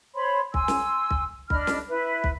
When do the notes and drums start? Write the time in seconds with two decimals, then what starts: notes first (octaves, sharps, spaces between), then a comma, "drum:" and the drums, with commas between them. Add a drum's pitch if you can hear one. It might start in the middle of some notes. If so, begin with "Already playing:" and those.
0.15 C5 C#5 B5 C6
0.54 G#5 C6 E6, drum: kick
0.68 drum: snare
1.11 drum: kick
1.50 D4 D#5 B5 F6, drum: kick
1.67 drum: snare
1.89 E4 B4 E5
2.24 drum: kick